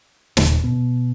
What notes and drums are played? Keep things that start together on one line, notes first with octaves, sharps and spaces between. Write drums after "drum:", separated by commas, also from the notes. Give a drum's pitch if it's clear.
D#1, drum: snare
B2